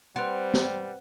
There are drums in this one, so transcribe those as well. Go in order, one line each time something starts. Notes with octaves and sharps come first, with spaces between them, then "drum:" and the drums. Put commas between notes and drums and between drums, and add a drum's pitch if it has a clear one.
G3 C4 B4 F#5
drum: snare